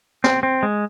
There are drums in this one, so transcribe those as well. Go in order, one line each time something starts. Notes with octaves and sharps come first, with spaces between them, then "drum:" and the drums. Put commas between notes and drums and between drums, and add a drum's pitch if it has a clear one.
C4, drum: snare
C4
G#3